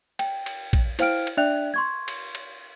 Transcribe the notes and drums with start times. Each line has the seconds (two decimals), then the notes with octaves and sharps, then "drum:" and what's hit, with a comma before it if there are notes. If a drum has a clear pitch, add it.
0.19 G5, drum: cymbal
0.46 drum: cymbal
0.73 drum: kick, cymbal
0.99 E4 C5 F5 G5 F6 D7, drum: cymbal
1.27 drum: cymbal
1.37 D4 D5 E5 G5 F#6 F7
1.74 C6 C#6 G#6
2.08 drum: cymbal
2.35 drum: cymbal